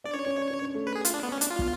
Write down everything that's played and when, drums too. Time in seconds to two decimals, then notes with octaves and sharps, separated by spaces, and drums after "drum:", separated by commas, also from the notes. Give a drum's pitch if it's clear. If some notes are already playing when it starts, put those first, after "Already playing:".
0.04 D4 D5
0.13 C#4 C#5
0.26 C#4
0.37 D4
0.50 C#4
0.62 C#4
0.74 A3
0.86 A3 B4
0.95 G#4
1.05 F4, drum: hi-hat
1.14 D4
1.23 B3
1.32 C#4
1.41 D4, drum: hi-hat
1.50 F4
1.59 B3, drum: kick